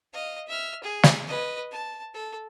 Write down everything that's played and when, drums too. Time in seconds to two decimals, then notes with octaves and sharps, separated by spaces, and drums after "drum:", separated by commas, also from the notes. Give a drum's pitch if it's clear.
0.13 D#5 F5
0.47 E5 F6
0.83 G#4
1.03 drum: snare
1.27 B4 D#5
1.71 A5
2.14 A4